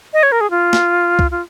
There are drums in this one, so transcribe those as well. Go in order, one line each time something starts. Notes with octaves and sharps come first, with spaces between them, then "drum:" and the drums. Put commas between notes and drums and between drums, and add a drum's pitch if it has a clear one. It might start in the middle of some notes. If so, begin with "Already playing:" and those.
D#5
C#5
A#4
G#4
F4
drum: snare
drum: kick
F4